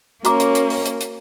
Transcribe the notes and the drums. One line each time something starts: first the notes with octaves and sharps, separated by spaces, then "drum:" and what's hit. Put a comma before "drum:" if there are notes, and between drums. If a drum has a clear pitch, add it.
A#3 C#4 F#4 A#5 D6, drum: hi-hat
drum: hi-hat
drum: hi-hat
drum: open hi-hat
drum: hi-hat
drum: hi-hat